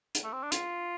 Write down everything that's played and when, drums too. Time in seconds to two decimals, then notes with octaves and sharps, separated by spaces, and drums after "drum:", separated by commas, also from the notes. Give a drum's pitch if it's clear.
0.15 drum: hi-hat
0.24 A3
0.33 C4
0.43 D4
0.52 F4, drum: hi-hat